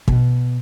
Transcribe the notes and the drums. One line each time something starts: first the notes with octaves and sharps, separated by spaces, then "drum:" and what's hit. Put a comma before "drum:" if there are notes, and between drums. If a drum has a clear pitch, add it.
B2, drum: kick